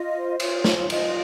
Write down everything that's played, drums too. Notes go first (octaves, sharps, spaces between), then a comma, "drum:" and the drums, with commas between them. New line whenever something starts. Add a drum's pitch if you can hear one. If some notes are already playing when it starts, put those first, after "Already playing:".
Already playing: F4 D#5
C5
F4 C#5, drum: cymbal
C5, drum: snare
C#5
F4 D#5, drum: cymbal